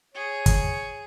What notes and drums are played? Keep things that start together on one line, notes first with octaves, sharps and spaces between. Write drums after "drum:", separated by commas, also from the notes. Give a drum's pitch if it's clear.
G#4 C#5
drum: kick, hi-hat